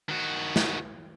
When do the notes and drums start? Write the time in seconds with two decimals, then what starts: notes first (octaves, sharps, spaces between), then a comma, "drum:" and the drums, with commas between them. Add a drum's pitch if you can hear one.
0.09 D#3 F#4
0.56 drum: snare